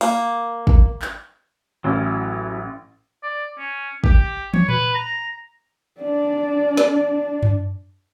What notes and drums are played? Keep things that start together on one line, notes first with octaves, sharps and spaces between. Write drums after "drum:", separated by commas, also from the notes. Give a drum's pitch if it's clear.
A#3, drum: open hi-hat
drum: kick
drum: clap
A1 F#3 C#4 E4
D5
C#4
G4, drum: kick
C#5, drum: tom
B4, drum: tom A#2
A#5
D4 D5
drum: snare
drum: tom F#2